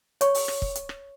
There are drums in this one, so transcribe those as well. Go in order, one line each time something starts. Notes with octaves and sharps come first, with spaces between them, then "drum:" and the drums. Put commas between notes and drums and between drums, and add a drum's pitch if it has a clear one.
C#5 C#6, drum: hi-hat
drum: open hi-hat
drum: rim click
drum: kick
drum: hi-hat
drum: rim click